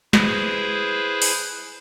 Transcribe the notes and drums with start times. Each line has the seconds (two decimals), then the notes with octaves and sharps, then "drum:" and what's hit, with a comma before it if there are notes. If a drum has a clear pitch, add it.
0.13 E4 G#4 B4 C5, drum: snare
1.22 drum: open hi-hat